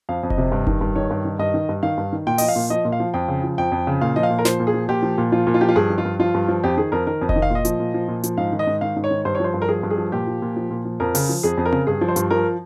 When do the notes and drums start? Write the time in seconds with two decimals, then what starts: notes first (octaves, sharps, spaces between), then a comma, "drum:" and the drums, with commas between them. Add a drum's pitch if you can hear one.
0.09 F2 F5
0.23 F2
0.30 D#5, drum: kick F1
0.38 C3
0.52 G2
0.67 D#3, drum: kick F1
0.81 G2
0.95 D#3 C#5
1.11 G2
1.25 D#3
1.39 G2 D#5
1.54 D#3
1.69 G2
1.83 D#3 F5
1.98 G2
2.12 D#3
2.27 A#2 G5
2.38 F3 D#5, drum: open hi-hat
2.48 F5
2.56 A#2
2.70 F3 D#5
2.85 A#2
2.92 F5
3.00 F3
3.14 F2 G5
3.28 C#3
3.44 F3
3.58 F2 G5
3.72 F2
3.87 C#3
4.01 A#2 F5
4.16 F3 D#5
4.23 F5
4.31 A#2
4.39 A#4
4.45 F3 C5, drum: snare
4.60 A#2
4.67 G#4
4.74 F3
4.89 A#2 G4
5.03 F3
5.18 A#2
5.32 F3 F4
5.47 A#2
5.54 F4
5.61 F3 G4
5.69 F4
5.76 G2 G#4
5.90 F3
5.98 F4
6.05 G2
6.19 F3 F4
6.34 G2
6.48 F3
6.64 F2 G4
6.77 D#3 G#4
6.92 F2 A#4
7.07 D#3 A#4
7.21 F2
7.29 D#5, drum: kick F1
7.36 D#3
7.42 F5
7.50 A#2 D#5
7.65 F3, drum: hi-hat
7.80 A#2
7.94 F3
8.08 A#2
8.23 F3, drum: hi-hat
8.37 G#2 F5
8.52 D#3
8.59 D#5
8.67 G#2
8.81 D#3 F5
8.96 G#2
9.04 C#5
9.11 D#3
9.25 G2 C5
9.35 C#5
9.40 F3 C5
9.54 G2
9.62 A#4
9.68 F3 G#4
9.83 G2
9.90 G#4
9.98 F3
10.12 A#2 G4
10.27 F3
10.42 A#2
10.56 F3
10.71 A#2
10.85 F3
11.00 F2 A#4
11.15 C#3, drum: open hi-hat
11.29 F3
11.43 F2 G#4
11.58 F2
11.65 A#4
11.73 C#3, drum: tom C4
11.87 G2 G#4
12.01 F3
12.08 C5
12.16 G2, drum: hi-hat
12.30 F3 A#4